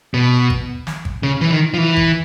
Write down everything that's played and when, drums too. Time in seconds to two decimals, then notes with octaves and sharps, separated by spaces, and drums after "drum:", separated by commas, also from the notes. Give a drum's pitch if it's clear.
0.14 B2
0.50 drum: kick G#1
0.87 drum: snare
1.05 drum: kick G#1
1.23 C#3
1.41 E3
1.51 D#3
1.74 F3
1.78 E3
1.97 drum: kick G#1